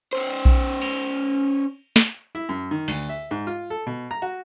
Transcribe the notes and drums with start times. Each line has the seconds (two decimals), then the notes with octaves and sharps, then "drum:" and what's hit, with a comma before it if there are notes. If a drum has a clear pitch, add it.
0.13 C#4 C5
0.45 drum: kick A#1
0.82 drum: cymbal
1.96 drum: snare
2.35 E4
2.49 F#2
2.71 D#3
2.88 D2, drum: open hi-hat
3.09 E5
3.31 G#2
3.47 F4
3.70 A4
3.87 B2
4.11 A#5
4.22 F#4